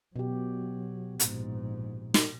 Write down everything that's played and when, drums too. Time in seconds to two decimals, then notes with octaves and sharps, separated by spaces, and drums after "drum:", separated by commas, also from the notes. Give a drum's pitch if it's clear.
0.16 B2 F#3 G4
1.20 A#1 G#2, drum: hi-hat
2.14 drum: snare